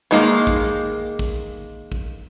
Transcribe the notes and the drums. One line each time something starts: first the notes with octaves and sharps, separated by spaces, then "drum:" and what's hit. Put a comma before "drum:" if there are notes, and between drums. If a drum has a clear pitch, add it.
D#3 G#3 A#3
drum: kick
drum: kick
drum: kick